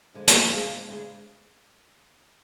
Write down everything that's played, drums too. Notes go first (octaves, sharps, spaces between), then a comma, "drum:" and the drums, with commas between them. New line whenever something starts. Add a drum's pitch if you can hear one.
F2 D3 G#3
drum: hi-hat
D2 C#3 G#3 D4 G#4
D2 C#3 G#3 D4 G#4